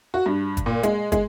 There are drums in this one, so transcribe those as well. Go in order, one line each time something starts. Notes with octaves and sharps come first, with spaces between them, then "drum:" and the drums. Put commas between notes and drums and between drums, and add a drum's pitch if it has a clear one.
F#4
G2
drum: kick, hi-hat
A#2
G#3, drum: hi-hat
G#3, drum: kick, hi-hat